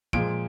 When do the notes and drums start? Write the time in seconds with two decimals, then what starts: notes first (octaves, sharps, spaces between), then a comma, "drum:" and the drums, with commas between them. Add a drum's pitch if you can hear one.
0.13 A#2 F3 G#3 D7, drum: kick